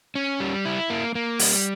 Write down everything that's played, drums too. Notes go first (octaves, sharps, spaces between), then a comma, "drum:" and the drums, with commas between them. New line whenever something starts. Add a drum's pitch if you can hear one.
C#4
G3
E4
A#3
A#3
G3, drum: open hi-hat